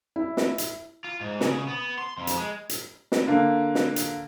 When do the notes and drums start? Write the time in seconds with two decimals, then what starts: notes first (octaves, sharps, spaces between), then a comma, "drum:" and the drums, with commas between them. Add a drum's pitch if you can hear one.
0.16 E4
0.37 drum: snare
0.58 drum: hi-hat
1.04 F4
1.21 G#2
1.41 C#3, drum: snare
1.68 B3
1.99 C6
2.18 F2
2.27 drum: hi-hat
2.38 G#3
2.69 drum: hi-hat
3.12 drum: snare
3.27 D3 A#3
3.75 drum: snare
3.96 drum: hi-hat